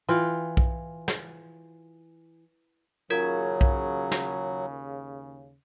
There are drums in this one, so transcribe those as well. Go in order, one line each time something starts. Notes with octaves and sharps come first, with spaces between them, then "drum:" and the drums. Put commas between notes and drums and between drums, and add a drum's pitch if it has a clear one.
E3 F4 G5
drum: kick B1
drum: snare
D#2 C#3 F#3 F4 A#4 G#6
drum: kick B1
drum: snare